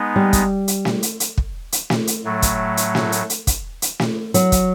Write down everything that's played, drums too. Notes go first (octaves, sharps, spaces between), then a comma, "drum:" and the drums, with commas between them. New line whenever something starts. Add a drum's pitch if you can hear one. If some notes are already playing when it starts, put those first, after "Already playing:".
Already playing: G#3 B3 D#4
G3
drum: kick, hi-hat
drum: hi-hat
drum: snare
drum: hi-hat
drum: hi-hat
drum: kick
drum: hi-hat
drum: snare
drum: hi-hat
A2 F#3 A3
drum: kick, hi-hat
drum: hi-hat
drum: snare
drum: hi-hat
drum: hi-hat
drum: kick, hi-hat
drum: hi-hat
drum: snare
F#3, drum: hi-hat
drum: kick, hi-hat